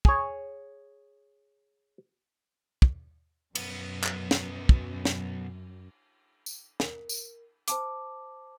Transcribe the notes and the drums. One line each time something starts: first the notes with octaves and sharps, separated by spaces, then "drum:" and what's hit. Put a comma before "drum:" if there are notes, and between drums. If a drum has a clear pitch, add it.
G#4 C#5, drum: kick
drum: kick
B1 F#2 B3, drum: cymbal
drum: clap
drum: snare
drum: kick
drum: snare
drum: tambourine
A#4, drum: snare
drum: tambourine
C5 A5 D6, drum: hi-hat